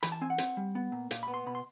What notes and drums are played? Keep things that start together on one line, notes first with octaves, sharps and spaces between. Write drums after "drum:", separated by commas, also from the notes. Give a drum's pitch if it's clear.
E3 B5, drum: hi-hat
A5
C4 G#5
F#5
C4, drum: hi-hat
G3
B3
A#2
A#2 F5, drum: hi-hat
B3 B5
C6
B2 B5
C6